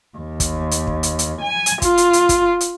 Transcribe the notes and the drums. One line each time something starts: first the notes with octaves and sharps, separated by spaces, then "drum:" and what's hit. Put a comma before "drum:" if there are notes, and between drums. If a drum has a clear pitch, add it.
D#2
drum: kick, hi-hat
drum: hi-hat
drum: kick
drum: hi-hat
drum: hi-hat
G#5
drum: hi-hat
F4, drum: kick, hi-hat
drum: hi-hat
drum: hi-hat
drum: kick, hi-hat
drum: hi-hat